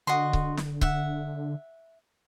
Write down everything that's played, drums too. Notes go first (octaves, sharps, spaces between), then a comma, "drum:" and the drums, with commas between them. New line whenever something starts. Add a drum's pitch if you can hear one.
D3 F#4 D#5 C6
drum: kick C#1
drum: snare
E5 F#5, drum: kick C#1